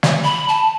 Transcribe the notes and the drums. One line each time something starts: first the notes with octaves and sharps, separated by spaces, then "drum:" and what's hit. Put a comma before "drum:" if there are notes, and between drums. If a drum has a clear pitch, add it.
drum: snare
B5
A5